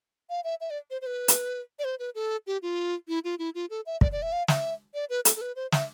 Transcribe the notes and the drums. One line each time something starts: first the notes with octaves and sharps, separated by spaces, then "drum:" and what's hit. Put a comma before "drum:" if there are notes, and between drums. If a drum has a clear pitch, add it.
F5
E5
E5
D5
C5
C5
B4
drum: hi-hat
D5
C5
B4
A4
G4
F4
E4
F4
E4
F4
A4
E5
D5, drum: kick
D5
E5
F5
E5, drum: snare
D5
B4
A4, drum: hi-hat
A4
B4
C5
E5, drum: snare